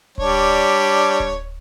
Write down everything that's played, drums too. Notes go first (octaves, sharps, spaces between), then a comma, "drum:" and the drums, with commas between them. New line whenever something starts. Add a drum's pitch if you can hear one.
G3 D4 C#5, drum: kick D1
drum: kick D1